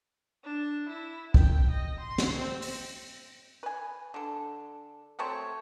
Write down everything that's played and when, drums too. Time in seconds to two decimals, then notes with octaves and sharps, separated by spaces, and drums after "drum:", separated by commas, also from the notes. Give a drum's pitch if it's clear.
0.44 D4
0.88 E4
1.34 G5, drum: kick
1.70 D#5
2.00 C6
2.18 drum: snare
2.38 C4
2.62 drum: open hi-hat
3.63 B4 G#5
4.14 D3 A4
5.19 F#3 A3 C4 C#5